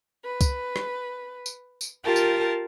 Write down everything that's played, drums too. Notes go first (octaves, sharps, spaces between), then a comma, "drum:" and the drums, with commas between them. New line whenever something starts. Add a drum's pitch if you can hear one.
B4
drum: kick, tambourine
drum: rim click
drum: tambourine
drum: tambourine
F4 G4 A#4 A5
drum: tambourine